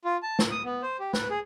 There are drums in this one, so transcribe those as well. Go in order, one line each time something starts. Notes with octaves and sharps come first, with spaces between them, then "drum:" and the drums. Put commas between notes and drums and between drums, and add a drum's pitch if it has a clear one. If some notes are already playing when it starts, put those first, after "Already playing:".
F4
A5
drum: snare
D#6
B3
C5
G4
B4, drum: snare
G#4